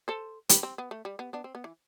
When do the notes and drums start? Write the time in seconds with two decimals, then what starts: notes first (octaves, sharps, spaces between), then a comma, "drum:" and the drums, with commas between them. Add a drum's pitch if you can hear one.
0.08 A4 C5
0.49 G4 B4, drum: hi-hat
0.63 C4
0.78 B3
0.91 A3
1.05 G3
1.19 B3
1.33 B3 D4
1.44 C4
1.55 B3
1.64 E3